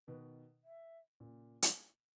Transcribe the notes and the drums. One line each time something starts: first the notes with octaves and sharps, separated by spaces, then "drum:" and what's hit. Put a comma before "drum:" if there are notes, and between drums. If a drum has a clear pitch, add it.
B2 D#3 B4
E5
A#2 C#3
drum: hi-hat